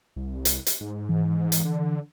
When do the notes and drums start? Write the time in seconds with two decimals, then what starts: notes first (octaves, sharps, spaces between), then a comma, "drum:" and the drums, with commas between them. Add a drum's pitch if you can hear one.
0.16 C2
0.45 drum: hi-hat
0.66 drum: hi-hat
0.81 G#2
1.09 E3
1.52 drum: hi-hat
1.65 D3